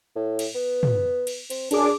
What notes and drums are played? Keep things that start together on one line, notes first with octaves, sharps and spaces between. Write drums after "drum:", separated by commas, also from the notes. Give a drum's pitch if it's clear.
A2
drum: cymbal
B3
drum: tom
drum: cymbal
C4, drum: cymbal
F#2 D4 G#4 D6, drum: cymbal